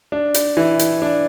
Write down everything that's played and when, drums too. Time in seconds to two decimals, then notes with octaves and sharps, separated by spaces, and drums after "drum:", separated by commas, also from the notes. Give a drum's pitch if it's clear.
0.12 D4
0.34 drum: hi-hat
0.57 E3
0.79 drum: hi-hat
1.02 D4